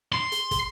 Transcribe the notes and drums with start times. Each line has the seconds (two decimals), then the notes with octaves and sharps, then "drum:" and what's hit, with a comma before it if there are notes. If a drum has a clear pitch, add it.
0.12 C6
0.32 drum: hi-hat
0.51 drum: kick, hi-hat